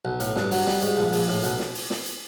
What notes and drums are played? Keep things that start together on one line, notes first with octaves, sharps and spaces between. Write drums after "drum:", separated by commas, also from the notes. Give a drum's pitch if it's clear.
B1
A2, drum: hi-hat
G2, drum: snare
F#3, drum: open hi-hat
G3, drum: snare
G#2, drum: hi-hat
A#1
A#1, drum: open hi-hat
A2
B1, drum: hi-hat
drum: snare
drum: open hi-hat
drum: snare
drum: hi-hat